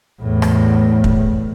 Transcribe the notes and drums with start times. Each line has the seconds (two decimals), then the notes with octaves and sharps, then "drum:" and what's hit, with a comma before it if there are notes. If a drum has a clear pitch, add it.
0.22 E2 A2
0.42 drum: rim click
1.04 drum: kick